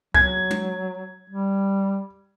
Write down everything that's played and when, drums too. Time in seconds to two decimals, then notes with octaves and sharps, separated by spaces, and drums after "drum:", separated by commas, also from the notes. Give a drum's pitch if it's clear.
0.14 F#3 G#6, drum: kick C2
0.51 drum: tom
1.30 G3